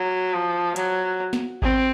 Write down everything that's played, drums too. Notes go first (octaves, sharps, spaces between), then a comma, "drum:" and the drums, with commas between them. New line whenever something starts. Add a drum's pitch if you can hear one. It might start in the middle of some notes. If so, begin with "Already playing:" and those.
Already playing: F#3
F3
F#3, drum: hi-hat
drum: snare
C4, drum: kick G#1